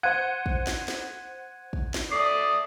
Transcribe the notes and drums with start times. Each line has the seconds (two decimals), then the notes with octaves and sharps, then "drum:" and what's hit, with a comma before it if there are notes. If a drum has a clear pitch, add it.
0.03 C5 F#5 F#6 G#6 D#7
0.46 drum: kick
0.67 drum: snare
0.88 drum: snare
1.73 drum: kick
1.94 drum: snare
2.12 A3 D5 D#6 C7